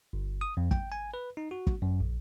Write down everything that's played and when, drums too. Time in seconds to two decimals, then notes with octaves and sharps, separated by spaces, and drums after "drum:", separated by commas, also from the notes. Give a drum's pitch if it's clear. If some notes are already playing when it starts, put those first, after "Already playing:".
0.13 G1
0.41 D#6
0.57 F2
0.71 G5, drum: kick
0.92 G#5
1.14 B4
1.37 D#4
1.51 F#4
1.67 drum: kick
1.82 F#2
2.00 A#1